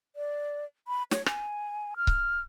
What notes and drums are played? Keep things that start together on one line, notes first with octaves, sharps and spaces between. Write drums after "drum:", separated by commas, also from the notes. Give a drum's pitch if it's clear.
D5
B5
C#5, drum: snare
G#5, drum: rim click
F6
drum: kick C#1